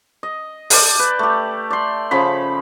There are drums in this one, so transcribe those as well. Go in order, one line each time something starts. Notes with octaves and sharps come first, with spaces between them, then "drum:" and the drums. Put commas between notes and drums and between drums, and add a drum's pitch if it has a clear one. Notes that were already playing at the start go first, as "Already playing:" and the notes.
D#5
D5 G5 A5, drum: open hi-hat
B4
A3 G4
D5 C6
C#3 F3 B5